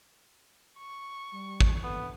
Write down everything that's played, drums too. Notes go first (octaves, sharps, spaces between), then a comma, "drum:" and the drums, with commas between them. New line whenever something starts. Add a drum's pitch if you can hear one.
C#6
G3
drum: kick
G2 B3 E4 A4